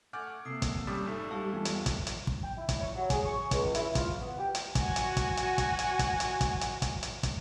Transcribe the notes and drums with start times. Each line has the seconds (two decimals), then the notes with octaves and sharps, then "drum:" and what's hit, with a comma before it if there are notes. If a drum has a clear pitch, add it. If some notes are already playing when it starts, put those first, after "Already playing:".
0.13 A3 F#5 G#5 D6 F6 G6 A6
0.45 C3 A#3 A4 D#6 C7
0.62 drum: kick, hi-hat
0.87 G2 G3 C#4 D6 D#6 A6
1.07 A#1 A3 D#4
1.31 G3 G4 F5 A5
1.53 E2 F3 G3 D4
1.65 drum: hi-hat
1.86 drum: kick, hi-hat
2.07 drum: hi-hat
2.27 drum: kick
2.43 G5
2.57 E4
2.69 drum: kick, hi-hat
2.80 C#5
2.96 F#3
3.10 G#4, drum: kick, hi-hat
3.26 C#6
3.51 C#2, drum: kick, hi-hat
3.75 E4, drum: hi-hat
3.95 F4, drum: kick, hi-hat
4.20 B3
4.38 G4
4.55 drum: hi-hat
4.75 F#4 G#5, drum: kick, hi-hat
4.96 drum: hi-hat
5.17 drum: kick, hi-hat
5.37 drum: hi-hat
5.58 drum: kick, hi-hat
5.79 drum: hi-hat
5.99 drum: kick, hi-hat
6.20 drum: hi-hat
6.41 drum: kick, hi-hat
6.61 drum: hi-hat
6.82 drum: kick, hi-hat
7.03 drum: hi-hat
7.23 drum: kick, hi-hat